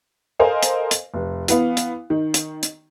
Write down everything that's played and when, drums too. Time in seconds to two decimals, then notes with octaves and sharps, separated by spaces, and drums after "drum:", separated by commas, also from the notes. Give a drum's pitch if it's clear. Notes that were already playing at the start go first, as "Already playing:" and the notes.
0.39 A4 A#4 C5 D#5 F5 G#5
0.63 drum: hi-hat
0.91 drum: hi-hat
1.14 F1
1.48 E3 B3 F5, drum: hi-hat
1.77 drum: hi-hat
2.10 D#3
2.34 drum: hi-hat
2.63 drum: hi-hat